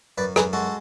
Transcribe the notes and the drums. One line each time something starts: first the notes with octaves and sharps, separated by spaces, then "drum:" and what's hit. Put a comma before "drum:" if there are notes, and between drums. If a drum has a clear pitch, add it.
F#2 B4 D5
F#2 G#4 B4, drum: rim click
G#3 F#4 A4